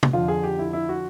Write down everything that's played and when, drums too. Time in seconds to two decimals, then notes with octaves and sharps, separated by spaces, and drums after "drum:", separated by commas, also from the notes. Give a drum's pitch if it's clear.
0.03 drum: tom
0.13 F2 D3 F3 F4
0.28 G#4
0.43 G4
0.59 E4
0.73 E4
0.89 F#4